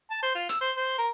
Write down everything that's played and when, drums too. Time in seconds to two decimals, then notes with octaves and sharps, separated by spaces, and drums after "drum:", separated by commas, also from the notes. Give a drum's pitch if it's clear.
0.11 A5
0.23 C5
0.35 F4
0.49 E6, drum: hi-hat
0.61 C5
0.77 C5
0.98 A#4